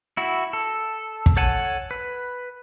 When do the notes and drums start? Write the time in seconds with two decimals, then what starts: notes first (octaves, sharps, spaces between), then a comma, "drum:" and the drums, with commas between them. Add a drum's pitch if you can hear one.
0.17 E4 F#4
0.53 A4
1.26 drum: kick
1.37 A4 C#5 F#5 G#5 A5
1.91 B4